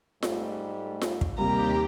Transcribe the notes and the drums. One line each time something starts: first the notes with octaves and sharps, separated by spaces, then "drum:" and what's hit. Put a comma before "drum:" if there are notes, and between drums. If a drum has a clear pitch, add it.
G#2 G3 A3, drum: snare F4
drum: snare F4
drum: kick
D#2 C3 G3 A#3 G4 A#5